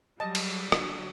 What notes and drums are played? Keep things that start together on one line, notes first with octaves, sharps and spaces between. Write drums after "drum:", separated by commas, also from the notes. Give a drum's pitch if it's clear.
F#3 G3 D#5 A5
drum: cymbal
D3 F#3, drum: rim click